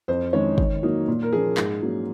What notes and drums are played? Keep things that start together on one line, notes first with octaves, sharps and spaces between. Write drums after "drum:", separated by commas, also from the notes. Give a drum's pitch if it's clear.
F2 C5
D#3 G#3 C#4 C#5
D#3, drum: kick
F#3 A#3 D#4
A#2
A#4
F3 A#3 C#4 G#4
G#2, drum: clap
F#3 A#3 C#4